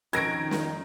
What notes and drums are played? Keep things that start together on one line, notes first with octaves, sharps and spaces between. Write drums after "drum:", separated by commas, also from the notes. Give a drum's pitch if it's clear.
F2 D#3 C#4 D#4 G#6 A#6 D7, drum: hi-hat
drum: snare